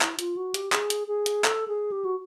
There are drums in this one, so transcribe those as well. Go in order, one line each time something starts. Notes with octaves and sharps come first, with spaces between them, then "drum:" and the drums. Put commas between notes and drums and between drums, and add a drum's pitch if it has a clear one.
E4, drum: clap
F4, drum: hi-hat
F#4
G4, drum: hi-hat
G#4, drum: clap
drum: hi-hat
G#4
drum: hi-hat
A4, drum: clap
G#4
G4
F#4